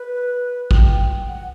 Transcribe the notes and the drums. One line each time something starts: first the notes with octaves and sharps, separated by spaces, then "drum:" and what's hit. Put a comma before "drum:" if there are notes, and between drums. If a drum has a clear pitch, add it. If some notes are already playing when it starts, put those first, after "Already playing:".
Already playing: B4
G5, drum: kick
F#5